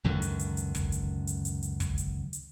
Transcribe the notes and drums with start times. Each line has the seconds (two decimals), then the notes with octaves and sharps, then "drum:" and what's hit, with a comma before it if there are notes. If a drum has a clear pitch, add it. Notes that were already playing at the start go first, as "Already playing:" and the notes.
0.04 C#2 F#2 D3 D#3
0.22 drum: hi-hat
0.39 drum: hi-hat
0.57 drum: hi-hat
0.75 drum: kick, hi-hat
0.92 drum: hi-hat
1.27 drum: hi-hat
1.45 drum: hi-hat
1.62 drum: hi-hat
1.80 drum: kick, hi-hat
1.98 drum: hi-hat
2.33 drum: hi-hat